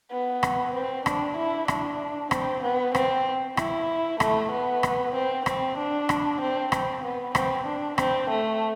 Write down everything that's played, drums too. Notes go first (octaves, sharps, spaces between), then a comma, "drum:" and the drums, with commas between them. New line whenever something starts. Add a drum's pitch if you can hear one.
B3
drum: rim click
C4
D4, drum: rim click
E4
D4, drum: rim click
C4, drum: rim click
B3
C4, drum: rim click
E4, drum: rim click
A3, drum: rim click
B3
drum: rim click
C4
C4, drum: rim click
D4
drum: rim click
C4
C4, drum: rim click
B3
C4, drum: rim click
D4
C4, drum: rim click
A3